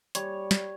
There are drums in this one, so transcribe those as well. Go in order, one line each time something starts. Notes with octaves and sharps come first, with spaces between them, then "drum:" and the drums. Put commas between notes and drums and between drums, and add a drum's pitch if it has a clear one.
G3 C#5, drum: hi-hat
drum: snare